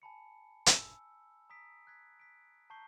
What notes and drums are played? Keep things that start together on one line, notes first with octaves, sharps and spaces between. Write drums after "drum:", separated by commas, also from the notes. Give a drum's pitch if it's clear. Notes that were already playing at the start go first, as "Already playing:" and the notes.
G#5 A5 B5 C#7
G#5 E6, drum: hi-hat
A#5 D#6 B6 D7
F#6 G#6 B6
B6 D7
A5 A#5 C#6 G6 C7 G7